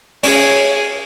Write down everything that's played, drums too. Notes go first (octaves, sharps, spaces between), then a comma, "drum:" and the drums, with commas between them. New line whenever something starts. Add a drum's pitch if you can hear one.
C#4 G#4 C#5, drum: open hi-hat